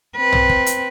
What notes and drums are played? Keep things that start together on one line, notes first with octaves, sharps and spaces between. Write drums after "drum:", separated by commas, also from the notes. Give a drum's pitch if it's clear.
C4 B4
drum: tom
drum: kick
drum: hi-hat